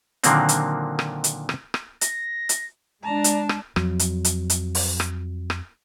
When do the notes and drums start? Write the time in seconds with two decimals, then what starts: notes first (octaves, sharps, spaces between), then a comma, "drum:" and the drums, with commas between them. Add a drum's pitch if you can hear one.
0.24 A#2 D3 D#3 F#3 A#3 C4, drum: hi-hat
0.49 drum: hi-hat
0.99 drum: rim click
1.24 drum: hi-hat
1.49 drum: rim click
1.74 drum: rim click
2.01 A#6, drum: hi-hat
2.49 drum: hi-hat
3.03 G#3 D4 A5 A#5
3.24 drum: hi-hat
3.49 drum: rim click
3.76 F2 F#3, drum: rim click
3.99 drum: hi-hat
4.24 drum: hi-hat
4.50 drum: hi-hat
4.75 drum: open hi-hat
5.00 drum: rim click
5.50 drum: rim click